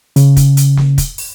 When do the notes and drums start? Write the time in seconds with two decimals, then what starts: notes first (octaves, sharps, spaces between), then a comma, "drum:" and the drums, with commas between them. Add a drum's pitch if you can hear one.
0.16 C#3, drum: hi-hat
0.36 drum: kick, hi-hat
0.57 drum: hi-hat
0.77 drum: snare
0.98 drum: kick, hi-hat
1.18 drum: open hi-hat